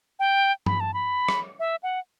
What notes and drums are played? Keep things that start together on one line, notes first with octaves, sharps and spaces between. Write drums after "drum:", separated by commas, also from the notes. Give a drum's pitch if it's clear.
G5
B5, drum: tom G2
A5
B5
drum: rim click
E5
F#5